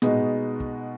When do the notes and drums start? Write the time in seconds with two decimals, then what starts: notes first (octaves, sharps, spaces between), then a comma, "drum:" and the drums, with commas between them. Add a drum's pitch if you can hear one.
0.02 B2 G#3 B3 D#4 F#4, drum: tom
0.60 drum: kick